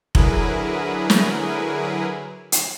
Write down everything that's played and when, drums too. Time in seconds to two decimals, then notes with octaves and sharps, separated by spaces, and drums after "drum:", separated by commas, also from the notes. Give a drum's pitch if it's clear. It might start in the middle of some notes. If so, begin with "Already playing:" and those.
0.15 D3 F#3 E4 G#4 A#4 B4, drum: kick F1
1.10 drum: snare
2.52 drum: hi-hat